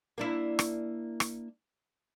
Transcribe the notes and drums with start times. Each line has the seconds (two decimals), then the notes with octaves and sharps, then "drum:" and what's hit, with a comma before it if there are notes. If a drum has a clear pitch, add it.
0.18 A#3 D4 E4
0.59 drum: rim click
1.20 drum: rim click